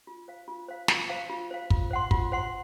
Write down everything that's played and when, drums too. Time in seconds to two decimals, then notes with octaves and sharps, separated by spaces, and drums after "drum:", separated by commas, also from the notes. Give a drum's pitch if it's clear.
0.07 F4
0.28 C5 F5
0.48 F4
0.69 C5 F5
0.88 F4, drum: snare
1.09 C5 F5
1.30 F4
1.51 C5 F5
1.70 F4, drum: kick
1.91 C5 F#5 C6
2.11 F4, drum: kick
2.32 C5 F#5 C6